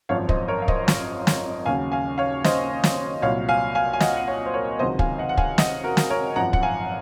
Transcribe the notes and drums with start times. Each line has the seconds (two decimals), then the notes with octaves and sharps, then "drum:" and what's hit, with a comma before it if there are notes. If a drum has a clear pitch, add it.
0.09 G#1 F#2 F3 C#5 F5
0.29 C5 D#5, drum: kick
0.48 A#4 C#5
0.62 F5
0.68 C5 D#5, drum: kick
0.88 drum: snare
1.27 drum: snare
1.66 D#2 C#3 F#3 F5 G#5
1.92 F5 G#5
2.18 C#5 F5
2.44 C5 D#5, drum: snare
2.84 drum: snare
3.22 C2 A#2 F#3 C#5 F5
3.49 F5 G#5
3.75 F5 G#5
3.93 G#5
4.00 D#5 F#5, drum: snare
4.16 F#5
4.27 C#5 F5
4.46 C5
4.54 A#4 C#5
4.79 C#2 C3 D#3 F#3 C5 D#5
4.99 F5 G#5, drum: kick
5.18 D#5 F#5
5.29 F#5
5.38 F5 G#5, drum: kick
5.58 D#5 F#5, drum: snare
5.83 F#4 A#4
5.97 drum: snare
6.10 A#4 C#5
6.36 G#1 F#2 F3 F#5 A#5
6.53 F#5, drum: kick
6.63 F5 G#5